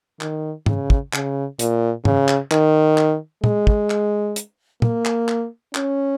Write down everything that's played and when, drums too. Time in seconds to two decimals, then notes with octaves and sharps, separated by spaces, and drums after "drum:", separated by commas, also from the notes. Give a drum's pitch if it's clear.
0.21 D#3, drum: clap
0.66 C#3, drum: tom
0.90 drum: kick
1.13 C#3, drum: clap
1.59 A#2, drum: hi-hat
2.05 C#3, drum: tom
2.28 drum: clap
2.51 D#3, drum: clap
2.98 drum: clap
3.44 G#3, drum: tom A#2
3.67 drum: kick
3.90 drum: clap
4.36 drum: hi-hat
4.82 A#3, drum: tom A#2
5.05 drum: clap
5.28 drum: clap
5.75 C#4, drum: clap